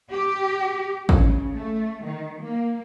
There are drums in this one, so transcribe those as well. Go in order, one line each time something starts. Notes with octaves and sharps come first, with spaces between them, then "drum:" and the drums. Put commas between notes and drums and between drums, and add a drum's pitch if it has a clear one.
G4
C#3, drum: kick
A3
D#3
A#3